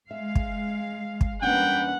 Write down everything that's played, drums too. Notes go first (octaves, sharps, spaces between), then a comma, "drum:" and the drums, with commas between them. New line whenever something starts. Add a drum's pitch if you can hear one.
G#3 E5 F5
drum: kick
drum: kick
E2 G3 A#3 C#4 D4 B4 F#5 G5